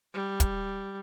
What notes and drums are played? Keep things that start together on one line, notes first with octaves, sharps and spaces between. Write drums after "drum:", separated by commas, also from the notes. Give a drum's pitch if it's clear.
G3
drum: kick, hi-hat